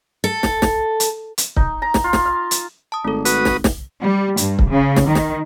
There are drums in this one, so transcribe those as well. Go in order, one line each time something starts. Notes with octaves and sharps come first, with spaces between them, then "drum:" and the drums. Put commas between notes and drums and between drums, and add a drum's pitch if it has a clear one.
A4
drum: snare
drum: snare
drum: hi-hat
drum: hi-hat
D#4, drum: kick C#1
A#5
drum: snare
F4
drum: snare
F5
drum: hi-hat
A5 D#6
G#1 A3 A4
F#4 B4 D#6, drum: hi-hat
drum: snare
drum: snare
G3
G2, drum: hi-hat
drum: kick C#1
C#3
drum: snare
D#3
drum: snare